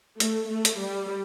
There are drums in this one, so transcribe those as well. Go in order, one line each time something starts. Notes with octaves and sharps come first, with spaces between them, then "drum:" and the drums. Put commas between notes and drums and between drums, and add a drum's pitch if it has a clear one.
A3, drum: hi-hat
A3
drum: hi-hat
G3